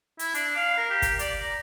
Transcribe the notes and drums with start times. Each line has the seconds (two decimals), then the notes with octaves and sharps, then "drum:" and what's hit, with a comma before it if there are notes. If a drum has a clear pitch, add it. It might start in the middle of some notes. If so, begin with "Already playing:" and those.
0.19 E4, drum: hi-hat
0.34 D4, drum: hi-hat
0.56 F5
0.77 A#4
0.90 G4
1.02 drum: kick, hi-hat
1.19 D5, drum: hi-hat
1.41 A#5